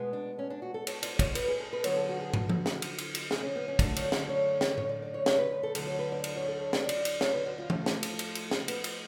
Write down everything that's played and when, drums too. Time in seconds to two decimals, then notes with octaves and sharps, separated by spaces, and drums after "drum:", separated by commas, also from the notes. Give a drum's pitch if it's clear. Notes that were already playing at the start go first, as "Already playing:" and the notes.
Already playing: B2 G#3 B3
0.13 D4
0.39 C#4
0.50 D4
0.62 F#4
0.74 A4
0.87 C#5, drum: cymbal
1.03 D5, drum: cymbal
1.19 C#5, drum: kick, cymbal
1.35 B4, drum: cymbal
1.48 G#4
1.60 A4
1.73 B4
1.84 F2 D3 F#3 B3 C#5, drum: cymbal
1.96 A4
2.09 F#4
2.21 G#4
2.34 F#4, drum: tom
2.50 drum: tom F3
2.66 drum: snare
2.82 drum: cymbal
2.98 drum: cymbal
3.15 drum: cymbal
3.31 G#4, drum: snare
3.42 C#4
3.55 B3
3.68 C#4
3.79 F#2 D3 F#3 A3 D4, drum: kick, cymbal
3.96 C#5, drum: cymbal
4.12 D5, drum: snare
4.29 C#5
4.61 drum: snare
4.78 C#5, drum: tom A2
4.89 D5
5.02 D5
5.14 C#5
5.26 C#5, drum: snare
5.38 B4
5.51 B4
5.63 A4
5.75 D2 D3 F#3, drum: cymbal
5.87 C#5
5.99 B4
6.12 D5
6.24 drum: cymbal
6.36 C#5
6.48 A4
6.60 C#5
6.73 D5, drum: snare
6.89 drum: cymbal
7.05 drum: cymbal
7.21 C#5, drum: snare
7.33 B4
7.46 F#4
7.58 F4
7.70 A2 F3 A3, drum: tom E3
7.86 drum: snare
8.03 drum: cymbal
8.19 drum: cymbal
8.35 drum: cymbal
8.51 drum: snare
8.68 B3, drum: cymbal
8.84 drum: cymbal